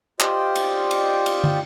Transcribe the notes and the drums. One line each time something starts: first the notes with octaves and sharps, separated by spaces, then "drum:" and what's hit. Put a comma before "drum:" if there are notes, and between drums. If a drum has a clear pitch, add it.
F4 G4 C5 D5 D#5 G5, drum: clap
drum: cymbal
drum: cymbal
drum: cymbal
drum: tom